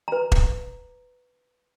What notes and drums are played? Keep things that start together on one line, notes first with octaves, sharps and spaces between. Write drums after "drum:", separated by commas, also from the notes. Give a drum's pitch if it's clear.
B4 A#5
drum: kick E1